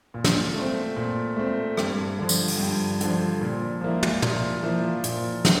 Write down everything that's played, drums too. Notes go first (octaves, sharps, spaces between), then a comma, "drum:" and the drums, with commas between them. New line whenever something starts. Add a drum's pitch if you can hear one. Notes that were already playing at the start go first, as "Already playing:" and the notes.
A#2
drum: snare
A3
C4
A#2
A3 C4
G2, drum: rim click
D3 F3
drum: tambourine
drum: open hi-hat
G2
D3 F3, drum: hi-hat
A#2
F3 A#3 E4
drum: tom
A#2, drum: tom
F3 A#3 E4
A#2, drum: hi-hat
A3 E4, drum: snare